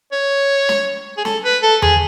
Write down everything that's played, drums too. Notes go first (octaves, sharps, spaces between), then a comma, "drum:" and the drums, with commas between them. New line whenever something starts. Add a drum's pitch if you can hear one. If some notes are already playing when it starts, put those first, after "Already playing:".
C#5
drum: snare
G#4
A4, drum: snare
B4
A4
G#4, drum: tom E2